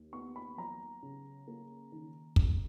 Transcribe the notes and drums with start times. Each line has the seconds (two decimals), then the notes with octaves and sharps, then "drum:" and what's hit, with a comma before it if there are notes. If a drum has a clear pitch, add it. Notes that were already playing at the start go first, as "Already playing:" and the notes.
Already playing: D#2
0.13 B3 C#6
0.36 B5
0.58 F#3 A#5
1.03 C#3
1.48 A#3
1.92 D#3
2.36 C#3, drum: kick